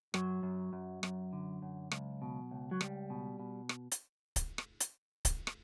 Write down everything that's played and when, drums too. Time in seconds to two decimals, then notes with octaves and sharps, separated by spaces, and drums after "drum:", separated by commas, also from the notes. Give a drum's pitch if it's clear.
0.14 F#2 F#3, drum: rim click
0.43 F#2
0.73 F#2
1.03 F#2, drum: rim click
1.33 D3
1.62 F#2
1.91 C#2, drum: rim click
2.22 B2
2.51 C#2
2.71 F#3
2.81 C#2 G3, drum: rim click
3.10 B2
3.39 B2
3.69 drum: rim click
3.91 drum: hi-hat
4.36 drum: kick D1, hi-hat
4.58 drum: rim click
4.80 drum: hi-hat
5.25 drum: kick D1, hi-hat
5.47 drum: rim click